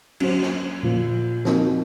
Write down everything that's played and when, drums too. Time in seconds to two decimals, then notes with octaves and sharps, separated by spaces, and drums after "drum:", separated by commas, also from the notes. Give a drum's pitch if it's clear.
0.20 F#3 C#4 F#4 C5, drum: cymbal
0.42 drum: snare
0.83 A#2 F3 A#3 F4 C5
1.45 F3 C4 D#4 F#4 A#4, drum: snare